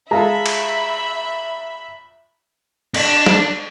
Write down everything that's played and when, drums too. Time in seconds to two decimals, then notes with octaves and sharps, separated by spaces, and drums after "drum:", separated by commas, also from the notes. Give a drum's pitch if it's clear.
0.11 G#3 F4 A4 E5 A#5 B5
0.46 drum: cymbal
2.94 D4, drum: cymbal
3.26 drum: snare